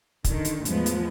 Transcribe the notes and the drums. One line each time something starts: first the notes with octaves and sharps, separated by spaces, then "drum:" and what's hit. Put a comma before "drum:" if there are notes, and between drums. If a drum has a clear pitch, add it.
D3 D#3, drum: kick, hi-hat
drum: hi-hat
E2 A2 F3 G#3 B3, drum: hi-hat
drum: hi-hat